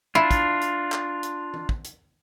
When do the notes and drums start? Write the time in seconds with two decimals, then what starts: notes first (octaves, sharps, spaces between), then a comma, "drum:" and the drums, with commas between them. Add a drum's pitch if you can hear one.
0.15 D4 E4 F4
0.31 drum: kick, hi-hat
0.61 drum: hi-hat
0.92 drum: clap
1.23 drum: hi-hat
1.54 drum: tom E3
1.69 drum: kick
1.84 drum: hi-hat